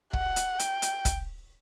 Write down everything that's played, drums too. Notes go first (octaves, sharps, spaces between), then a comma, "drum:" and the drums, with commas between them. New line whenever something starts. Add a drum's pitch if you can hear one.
F#5, drum: kick
drum: hi-hat
G5, drum: hi-hat
drum: hi-hat
drum: kick, hi-hat